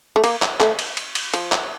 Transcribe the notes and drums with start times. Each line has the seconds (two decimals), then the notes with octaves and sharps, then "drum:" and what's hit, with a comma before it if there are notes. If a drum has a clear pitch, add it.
0.16 A3
0.24 A#3, drum: cymbal
0.42 drum: clap
0.60 A3, drum: clap
0.79 drum: cymbal
0.97 drum: cymbal
1.15 drum: cymbal
1.34 F3, drum: cymbal
1.52 drum: clap